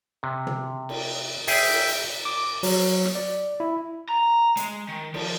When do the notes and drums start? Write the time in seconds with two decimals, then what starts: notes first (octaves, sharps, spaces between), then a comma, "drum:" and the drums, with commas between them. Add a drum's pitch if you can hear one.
0.23 C3
0.47 drum: tom
0.89 drum: cymbal
1.47 G#4 E5 G5, drum: open hi-hat
1.68 drum: cymbal
1.89 drum: hi-hat
2.25 D6
2.63 F#3, drum: open hi-hat
3.05 drum: rim click
3.15 D5
3.60 E4
4.09 A#5
4.57 G#3, drum: hi-hat
4.88 D#3
5.14 F3, drum: cymbal